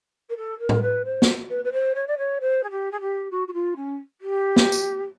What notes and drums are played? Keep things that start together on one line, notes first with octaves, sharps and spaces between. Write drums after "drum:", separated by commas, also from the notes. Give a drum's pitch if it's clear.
A#4
A4
A#4
drum: tom A2
B4
C5
drum: snare
B4
B4
C5
C#5
D5
C#5
C5
G#4
G4
G#4
G4
F#4
F#4
F4
C#4
G4
drum: snare
drum: tambourine